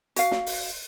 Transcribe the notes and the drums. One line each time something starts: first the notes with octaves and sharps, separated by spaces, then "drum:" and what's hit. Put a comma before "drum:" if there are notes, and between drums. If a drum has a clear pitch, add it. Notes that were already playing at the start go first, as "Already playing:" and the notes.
F#4 F5, drum: hi-hat
drum: snare
drum: open hi-hat